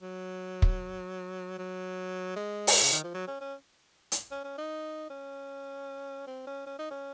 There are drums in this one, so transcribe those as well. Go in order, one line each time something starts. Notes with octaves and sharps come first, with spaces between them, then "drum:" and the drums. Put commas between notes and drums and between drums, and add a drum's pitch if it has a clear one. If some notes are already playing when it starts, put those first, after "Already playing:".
F#3
drum: kick
F#3
G#3
drum: open hi-hat
C#3
D#3
F3
F#3
C#4
C#4
drum: hi-hat
C#4
C#4
D#4
C#4
C4
C#4
C#4
D#4
C#4